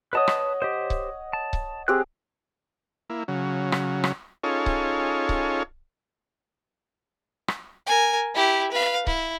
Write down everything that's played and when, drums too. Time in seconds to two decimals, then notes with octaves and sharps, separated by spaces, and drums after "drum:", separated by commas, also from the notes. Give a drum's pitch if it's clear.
0.13 B4 C#5 D#5 F#5 A5 D#6
0.28 drum: rim click
0.62 G4 C5 D#5
0.90 drum: kick C#1
1.33 A5
1.53 drum: kick C#1
1.88 C4 G4 G#4 F#6
3.10 A#3 E4
3.28 C#3 F#3
3.72 drum: rim click
4.04 drum: rim click
4.44 C#4 D#4 F4 G#4 A4 C#5
4.66 drum: kick C#1
5.29 drum: kick C#1
7.48 drum: rim click
7.87 A#4 G#5
8.35 E4 G4
8.72 B4 F5
9.07 E4, drum: kick C#1